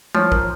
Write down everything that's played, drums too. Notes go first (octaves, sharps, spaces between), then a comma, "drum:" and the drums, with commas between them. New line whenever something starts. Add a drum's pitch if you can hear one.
F3 C#5, drum: tom G3
A#4, drum: kick